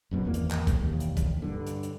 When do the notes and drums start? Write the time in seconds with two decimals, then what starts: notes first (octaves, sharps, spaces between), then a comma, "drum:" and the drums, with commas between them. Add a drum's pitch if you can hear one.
0.11 F#1 F#2 B2
0.25 G#1 E2 A#3
0.34 drum: hi-hat
0.51 drum: clap
0.67 drum: kick, hi-hat
0.84 E1 D#2
1.00 drum: hi-hat
1.17 drum: kick, hi-hat
1.42 G2 D3
1.67 drum: hi-hat
1.83 drum: hi-hat